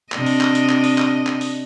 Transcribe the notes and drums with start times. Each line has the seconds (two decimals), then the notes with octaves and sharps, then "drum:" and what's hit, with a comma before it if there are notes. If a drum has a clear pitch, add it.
0.12 C3 D4 D#5, drum: clap
0.26 drum: open hi-hat
0.41 drum: clap
0.55 drum: hi-hat
0.69 drum: clap
0.84 drum: open hi-hat
0.98 drum: clap
1.27 drum: clap
1.41 drum: open hi-hat